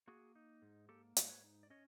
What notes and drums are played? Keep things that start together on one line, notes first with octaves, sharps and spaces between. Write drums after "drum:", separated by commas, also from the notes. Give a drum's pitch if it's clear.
A#3 F#4 G#4
D#4
G#2
A#3 G4 A4
G#2, drum: hi-hat
B4 C#5
D#4
D5
C#4 C#5 D#5